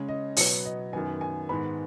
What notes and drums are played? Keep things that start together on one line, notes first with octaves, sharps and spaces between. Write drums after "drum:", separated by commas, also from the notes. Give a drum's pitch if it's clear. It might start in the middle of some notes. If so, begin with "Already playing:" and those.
Already playing: C#3 G#3 C#4 C#5
D#5
B2 F#3 B3 C#5, drum: open hi-hat
D#5
F#2 D#3 B3 G#5
G#5
G#2 D#3 G#3 B3 B5